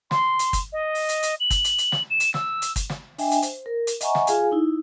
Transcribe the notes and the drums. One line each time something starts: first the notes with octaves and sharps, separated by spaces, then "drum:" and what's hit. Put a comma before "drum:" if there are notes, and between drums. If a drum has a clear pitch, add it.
C6, drum: snare
drum: hi-hat
drum: kick, hi-hat
D#5
drum: open hi-hat
drum: hi-hat
drum: hi-hat
F#7
drum: kick, hi-hat
drum: hi-hat
drum: hi-hat
drum: snare
E7
drum: hi-hat
E6, drum: snare
drum: hi-hat
drum: kick, hi-hat
drum: snare
D4 D#5 E5 G5 G#5, drum: open hi-hat
drum: hi-hat
C5, drum: hi-hat
A#4
drum: hi-hat
D#5 E5 F#5 G#5 A#5 C#6, drum: hi-hat
drum: snare
F4 G#4 F5 G#5, drum: hi-hat
D#4 E4